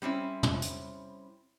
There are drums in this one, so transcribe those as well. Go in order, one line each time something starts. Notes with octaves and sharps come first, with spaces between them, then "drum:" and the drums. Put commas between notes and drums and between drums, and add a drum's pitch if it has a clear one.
G3 C4 C#4 E4
drum: tom
drum: hi-hat